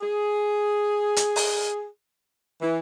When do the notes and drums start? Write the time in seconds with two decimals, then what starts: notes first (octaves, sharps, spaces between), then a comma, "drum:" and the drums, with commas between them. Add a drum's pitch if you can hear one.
0.01 G#4
1.16 drum: hi-hat
1.36 drum: open hi-hat
2.62 E3